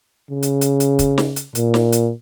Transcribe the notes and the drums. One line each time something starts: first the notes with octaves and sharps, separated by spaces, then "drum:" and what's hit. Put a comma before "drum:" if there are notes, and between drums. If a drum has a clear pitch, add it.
C#3
drum: hi-hat
drum: hi-hat
drum: hi-hat
drum: kick, hi-hat
drum: snare
drum: hi-hat
A#2, drum: hi-hat
drum: snare
drum: hi-hat